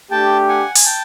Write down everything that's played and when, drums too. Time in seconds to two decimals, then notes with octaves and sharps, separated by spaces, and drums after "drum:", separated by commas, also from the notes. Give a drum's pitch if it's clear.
0.11 A3 D4 G4 G5 A5
0.48 F#5 G#5
0.76 G#5, drum: open hi-hat
0.85 G5 A5